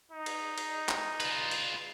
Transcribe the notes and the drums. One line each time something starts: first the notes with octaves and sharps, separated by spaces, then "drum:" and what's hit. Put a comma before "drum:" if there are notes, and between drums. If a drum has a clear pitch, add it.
D#4
drum: cymbal
drum: cymbal
drum: clap
F4 B4, drum: cymbal
drum: cymbal